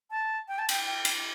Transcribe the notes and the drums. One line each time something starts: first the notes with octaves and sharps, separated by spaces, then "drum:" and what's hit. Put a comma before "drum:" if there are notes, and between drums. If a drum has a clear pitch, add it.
A5
G5
A5
G5, drum: cymbal
G5
drum: cymbal